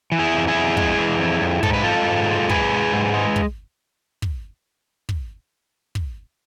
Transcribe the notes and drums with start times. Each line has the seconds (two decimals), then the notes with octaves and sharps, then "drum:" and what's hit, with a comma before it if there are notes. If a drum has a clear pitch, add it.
0.12 E3
0.19 E4 G#4
0.34 F2
0.48 E4 G#4
0.55 F2
0.77 G#3, drum: kick
0.99 E3
1.19 F2
1.42 F2
1.63 G#2 A4, drum: kick
1.74 B4
1.83 G#3 F4 A4
2.06 G#2
2.28 G#3
2.49 G#2 G#4 B4, drum: kick
2.72 G#3
2.93 G#2
3.14 G#3
3.36 drum: kick
4.22 drum: kick
5.09 drum: kick
5.95 drum: kick